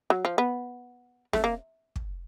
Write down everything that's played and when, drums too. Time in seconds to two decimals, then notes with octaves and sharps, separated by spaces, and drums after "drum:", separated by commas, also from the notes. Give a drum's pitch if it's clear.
0.10 F#3
0.25 F3
0.38 B3
1.33 A3, drum: snare
1.44 A#3
1.96 drum: kick